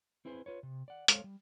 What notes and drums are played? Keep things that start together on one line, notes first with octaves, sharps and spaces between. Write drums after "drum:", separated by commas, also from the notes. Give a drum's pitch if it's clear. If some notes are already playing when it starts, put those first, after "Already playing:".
C4 E4 G#4 B4 C5
F4 B4 C#5
C3
D5 F#5
G#3 A4 C5 C#5 F5, drum: hi-hat
G3